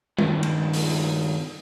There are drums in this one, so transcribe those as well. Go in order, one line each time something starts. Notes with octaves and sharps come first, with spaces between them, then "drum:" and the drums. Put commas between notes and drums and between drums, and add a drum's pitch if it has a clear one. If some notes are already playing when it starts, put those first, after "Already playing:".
G2 D#3, drum: tom
drum: cymbal
drum: open hi-hat